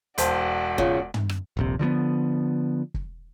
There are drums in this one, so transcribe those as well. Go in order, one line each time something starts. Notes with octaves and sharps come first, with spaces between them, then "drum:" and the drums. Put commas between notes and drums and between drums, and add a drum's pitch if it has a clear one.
E1 F#4 C5 D5 A5, drum: hi-hat
C#3 F4, drum: kick
drum: tom
drum: rim click
D#1 A#1 C3
D3 F3 G3 B3
drum: kick